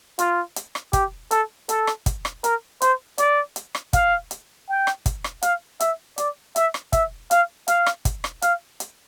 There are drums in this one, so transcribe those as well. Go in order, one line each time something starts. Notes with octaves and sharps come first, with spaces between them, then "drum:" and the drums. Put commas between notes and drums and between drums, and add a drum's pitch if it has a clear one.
F4, drum: hi-hat
drum: hi-hat
drum: rim click
G4, drum: kick, hi-hat
A4, drum: hi-hat
A4, drum: hi-hat
drum: rim click
drum: kick, hi-hat
drum: rim click
A#4, drum: hi-hat
C5, drum: hi-hat
D5, drum: hi-hat
drum: hi-hat
drum: rim click
F5, drum: kick, hi-hat
drum: hi-hat
G5
drum: rim click
drum: kick, hi-hat
drum: rim click
F5, drum: hi-hat
E5, drum: hi-hat
D5, drum: hi-hat
E5, drum: hi-hat
drum: rim click
E5, drum: kick, hi-hat
F5, drum: hi-hat
F5, drum: hi-hat
drum: rim click
drum: kick, hi-hat
drum: rim click
F5, drum: hi-hat
drum: hi-hat